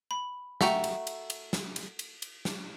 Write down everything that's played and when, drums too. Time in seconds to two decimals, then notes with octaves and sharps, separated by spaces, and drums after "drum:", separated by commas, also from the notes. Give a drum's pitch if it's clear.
0.11 B5
0.61 A3 F#4 E5 F#5 G5 A#5, drum: snare
0.84 drum: cymbal
1.07 drum: cymbal
1.30 drum: cymbal
1.53 drum: snare
1.76 drum: cymbal
1.99 drum: cymbal
2.22 drum: cymbal
2.45 drum: snare